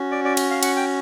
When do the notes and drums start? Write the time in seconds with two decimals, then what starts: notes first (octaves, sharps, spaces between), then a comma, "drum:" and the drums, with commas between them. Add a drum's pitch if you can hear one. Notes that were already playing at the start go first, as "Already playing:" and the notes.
Already playing: C#4 F#4
0.11 D5
0.25 D5
0.37 drum: cymbal
0.50 F5
0.63 F#5, drum: cymbal
0.76 G5